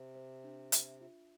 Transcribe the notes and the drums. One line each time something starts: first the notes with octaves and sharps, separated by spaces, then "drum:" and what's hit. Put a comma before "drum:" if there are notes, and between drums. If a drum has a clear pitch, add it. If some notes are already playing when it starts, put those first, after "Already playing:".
Already playing: C3 C5
C5
D4
E5, drum: hi-hat
F4